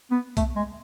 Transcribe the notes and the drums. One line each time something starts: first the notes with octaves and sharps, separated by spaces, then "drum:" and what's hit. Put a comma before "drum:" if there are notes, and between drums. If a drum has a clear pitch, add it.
B3
A3, drum: kick B1, hi-hat
G#3